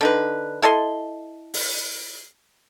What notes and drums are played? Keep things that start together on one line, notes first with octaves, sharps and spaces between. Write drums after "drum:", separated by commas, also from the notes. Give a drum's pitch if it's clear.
D3 D#4 B4
E4 A4 D#5 C6
drum: open hi-hat